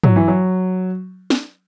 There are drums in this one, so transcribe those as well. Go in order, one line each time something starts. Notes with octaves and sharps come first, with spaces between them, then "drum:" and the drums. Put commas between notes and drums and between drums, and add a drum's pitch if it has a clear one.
F#3, drum: tom
E3
F#3
drum: snare